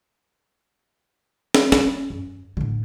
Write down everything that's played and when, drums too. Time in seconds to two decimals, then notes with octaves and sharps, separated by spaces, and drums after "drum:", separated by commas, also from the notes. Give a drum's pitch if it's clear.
1.55 drum: snare
1.72 C#4, drum: snare
2.10 F#2
2.57 A2 D3